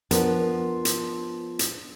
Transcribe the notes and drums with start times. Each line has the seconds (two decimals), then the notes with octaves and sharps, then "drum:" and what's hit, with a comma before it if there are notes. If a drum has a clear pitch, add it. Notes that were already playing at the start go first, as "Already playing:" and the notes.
0.11 F3 B3 D4 A#4, drum: hi-hat
0.85 drum: hi-hat
1.59 drum: hi-hat